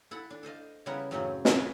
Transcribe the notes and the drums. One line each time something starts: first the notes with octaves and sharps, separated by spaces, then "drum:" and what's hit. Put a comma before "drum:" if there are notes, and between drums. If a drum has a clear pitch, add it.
E4 A4 F#5
D4
A4 C5 D#5 F5
C#3 G3 B3 E4 A#4 F#5
F#2 A2 C#3 F#3 A3 C4
drum: snare
G#4 B4 C#5 D5 F5 G#5